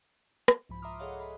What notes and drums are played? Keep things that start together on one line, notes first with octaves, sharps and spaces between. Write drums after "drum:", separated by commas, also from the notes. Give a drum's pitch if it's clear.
drum: rim click
C2 G#2 F3 B5
E5 A#5 C6 D6 D#6 F6
G#4 A4 C#5 D#5 F5 F#5
G#4 B5